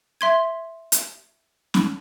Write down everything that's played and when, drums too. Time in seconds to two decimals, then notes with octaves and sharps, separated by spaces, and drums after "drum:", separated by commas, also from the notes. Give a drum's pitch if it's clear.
0.21 E5 C6 G#6
0.92 drum: hi-hat
1.74 drum: snare C#4